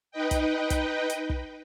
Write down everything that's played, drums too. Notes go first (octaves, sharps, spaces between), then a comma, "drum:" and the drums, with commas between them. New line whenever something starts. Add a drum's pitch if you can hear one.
D#4 B4 D#5 G5
drum: kick, hi-hat
drum: kick, hi-hat
drum: hi-hat
drum: kick